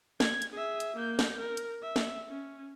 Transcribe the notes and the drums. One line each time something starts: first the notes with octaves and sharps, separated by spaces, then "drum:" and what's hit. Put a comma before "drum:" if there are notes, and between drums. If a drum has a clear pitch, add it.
G#6, drum: snare
drum: hi-hat
G#4 E5
drum: hi-hat
A#3 G6
drum: snare
A#4
drum: hi-hat
E5
drum: snare
C#4